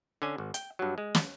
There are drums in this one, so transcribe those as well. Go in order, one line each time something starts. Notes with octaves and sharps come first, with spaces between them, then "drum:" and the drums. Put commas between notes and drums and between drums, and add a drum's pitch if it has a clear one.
D3 C#4 G#5
G#1
G5, drum: hi-hat
G2 F#3
G#3
drum: snare